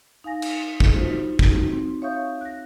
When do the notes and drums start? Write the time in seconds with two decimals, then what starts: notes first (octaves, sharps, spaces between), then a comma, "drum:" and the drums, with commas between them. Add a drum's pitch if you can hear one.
0.24 D#4 F5 G#5 A#6
0.42 drum: cymbal
0.80 drum: kick
0.94 D#4 F4 F#4 C5
1.39 D#4 F#4, drum: kick
1.72 C4
2.02 C#5 E5 F5 C#6 D#6 G6
2.41 F#6 A#6